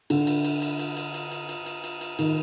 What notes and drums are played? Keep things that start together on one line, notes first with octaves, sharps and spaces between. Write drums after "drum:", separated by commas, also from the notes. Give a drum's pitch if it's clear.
D3, drum: cymbal
drum: cymbal
drum: cymbal
drum: cymbal
drum: cymbal
drum: cymbal
drum: cymbal
drum: cymbal
drum: cymbal
drum: cymbal
drum: cymbal
drum: cymbal
D#3, drum: cymbal